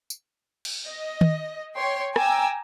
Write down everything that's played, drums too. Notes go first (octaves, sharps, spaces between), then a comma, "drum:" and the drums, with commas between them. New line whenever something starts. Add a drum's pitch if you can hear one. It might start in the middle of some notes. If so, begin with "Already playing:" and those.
drum: tambourine
drum: cymbal
D#5
drum: tom D#3
C#5 G5 C6
G5 G#5 A#5 D6 E6, drum: rim click